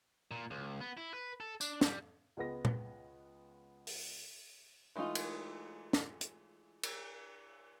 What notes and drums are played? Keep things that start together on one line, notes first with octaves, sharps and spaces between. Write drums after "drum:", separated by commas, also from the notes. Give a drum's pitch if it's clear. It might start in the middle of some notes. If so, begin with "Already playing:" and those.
A#2
C#2
B3
E4
B4
A4
D4, drum: tambourine
G3, drum: snare
C#2 G#3 B3 A#6
drum: tom
drum: open hi-hat
E3 G#3 A3 D#4 F4
drum: cymbal
drum: snare
drum: hi-hat
drum: cymbal